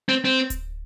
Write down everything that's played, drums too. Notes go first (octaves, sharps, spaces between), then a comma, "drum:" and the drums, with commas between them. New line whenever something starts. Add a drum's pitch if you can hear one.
C4
C4
drum: kick D1, hi-hat